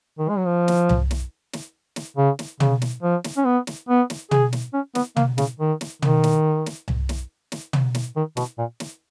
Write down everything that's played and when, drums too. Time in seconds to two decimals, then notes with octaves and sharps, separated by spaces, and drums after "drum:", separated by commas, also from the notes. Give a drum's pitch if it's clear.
0.19 D#3
0.29 G#3
0.38 F#3
0.47 F3
0.68 drum: snare
0.89 drum: tom C2
1.11 drum: snare
1.53 drum: snare
1.96 drum: snare
2.17 C#3
2.39 drum: snare
2.60 C#3, drum: tom
2.82 drum: snare
3.03 F3
3.24 drum: snare
3.37 C#4
3.45 B3
3.67 drum: snare
3.89 B3
4.10 drum: snare
4.31 G#4, drum: tom
4.53 drum: snare
4.74 C#4
4.95 B3, drum: snare
5.16 A#3, drum: tom
5.38 C#3, drum: snare
5.60 D#3
5.81 drum: snare
6.02 D#3, drum: tom
6.24 drum: snare
6.66 drum: snare
6.88 drum: tom C2
7.09 drum: snare
7.52 drum: snare
7.73 drum: tom
7.95 drum: snare
8.17 D#3
8.37 B2, drum: snare
8.58 A#2
8.80 drum: snare